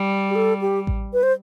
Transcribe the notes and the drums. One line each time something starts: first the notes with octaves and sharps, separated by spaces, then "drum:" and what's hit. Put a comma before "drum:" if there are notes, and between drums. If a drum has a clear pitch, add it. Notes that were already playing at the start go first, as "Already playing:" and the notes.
Already playing: G3
G4
A4
G4
drum: kick A1
B4
C5